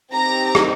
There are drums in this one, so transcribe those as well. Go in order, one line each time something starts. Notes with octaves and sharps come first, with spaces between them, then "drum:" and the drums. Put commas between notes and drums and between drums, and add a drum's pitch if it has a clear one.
C4 D#4 G4 A#5
drum: rim click